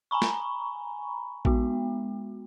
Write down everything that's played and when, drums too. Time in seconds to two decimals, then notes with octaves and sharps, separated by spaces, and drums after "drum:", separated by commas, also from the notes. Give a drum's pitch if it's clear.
0.11 G#5 A#5 B5 C#6
0.22 drum: snare
1.45 G#3 B3 F#4, drum: kick A1